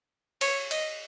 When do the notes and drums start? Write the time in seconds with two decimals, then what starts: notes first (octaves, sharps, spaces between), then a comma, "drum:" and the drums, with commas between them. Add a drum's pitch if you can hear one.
0.41 C#5, drum: cymbal
0.71 D#5, drum: cymbal